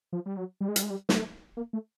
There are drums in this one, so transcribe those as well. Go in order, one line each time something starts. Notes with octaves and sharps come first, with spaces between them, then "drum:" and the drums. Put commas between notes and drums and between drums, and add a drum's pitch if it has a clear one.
F3
G3
F#3
G3
G#3
G3, drum: hi-hat
G#3
G3
A3, drum: snare
A#3
A3